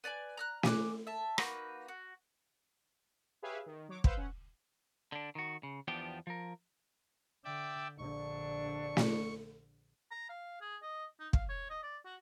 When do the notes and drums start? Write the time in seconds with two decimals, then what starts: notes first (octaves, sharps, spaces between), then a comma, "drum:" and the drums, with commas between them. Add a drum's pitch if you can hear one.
0.04 B4 D5 F#5 G#5
0.37 A#5 F6 F#6
0.63 G#5 D6 F#6, drum: snare
1.07 E5 A5
1.38 A#3 D#4 F#4 B4, drum: rim click
1.88 F#4
3.43 G4 G#4 B4 C#5 E5 F5
3.66 D#3
3.89 F#3 C#5 D6
4.04 B4 C5 F5 F#5 E6 G6, drum: kick
4.17 C#4 F#5
5.12 D3 D4
5.35 D#3 F#4
5.63 C#3
5.88 E2 F3 B3 D4 G4 G5
6.27 F3 A#4
7.44 D3 D5 E5 G5
7.98 A#1 D3 D4 C#6
8.97 drum: snare
10.11 A#5
10.29 F5
10.61 G#4
10.82 D#5
11.19 D#4
11.33 F5, drum: kick
11.49 C#5
11.70 D#5
11.83 D5
12.05 F#4